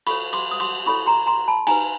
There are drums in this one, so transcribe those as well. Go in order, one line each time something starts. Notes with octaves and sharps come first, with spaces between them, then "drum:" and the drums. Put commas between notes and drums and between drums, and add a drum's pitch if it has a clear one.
F4 A4 C#5 B5 C#6, drum: cymbal
C6 D6, drum: cymbal
D#6
C6 D6, drum: cymbal
E4 A4 C#5 B5 C#6
A#5 C6
A#5 C6
A5 B5
D#4 G4 B4 G#5 A#5, drum: cymbal